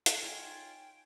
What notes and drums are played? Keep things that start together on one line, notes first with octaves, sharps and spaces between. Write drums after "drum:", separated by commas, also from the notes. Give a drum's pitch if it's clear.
drum: hi-hat
D#4 F4 C#5 G5 G#5